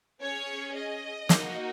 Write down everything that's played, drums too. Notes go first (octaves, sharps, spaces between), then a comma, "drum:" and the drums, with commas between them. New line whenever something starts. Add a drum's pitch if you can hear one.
C#4 G#4 C#5
D#5
A#3 D#4 F#4, drum: snare